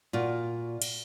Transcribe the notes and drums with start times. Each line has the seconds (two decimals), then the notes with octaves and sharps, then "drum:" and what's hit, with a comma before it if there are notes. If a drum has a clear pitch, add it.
0.13 A#2 F4 F#4
0.82 drum: cymbal